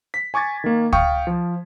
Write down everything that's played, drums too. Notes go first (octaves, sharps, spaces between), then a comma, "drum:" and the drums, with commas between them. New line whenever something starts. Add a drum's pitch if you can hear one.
B6
G#5 C#6 D6 G#6 A6
D#3 A#3
F5 G5 C#6 D#6, drum: kick
F3